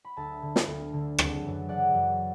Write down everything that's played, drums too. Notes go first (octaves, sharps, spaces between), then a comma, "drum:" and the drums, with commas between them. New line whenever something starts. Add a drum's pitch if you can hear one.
B5
D2 E5 A5
D3
drum: snare
D2
D3
F#1, drum: rim click
F#2 E3
F#1 D5 F#5
F#2 E3